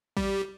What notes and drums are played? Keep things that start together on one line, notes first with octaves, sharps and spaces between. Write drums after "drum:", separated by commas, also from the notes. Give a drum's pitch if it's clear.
G3, drum: kick A1